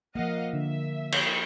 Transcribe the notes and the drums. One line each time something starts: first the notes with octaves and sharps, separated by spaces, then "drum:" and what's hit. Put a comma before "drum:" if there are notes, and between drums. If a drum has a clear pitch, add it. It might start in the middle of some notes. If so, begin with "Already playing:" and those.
F3 A#3 D#5 F5 F#5
D3 E5
drum: cymbal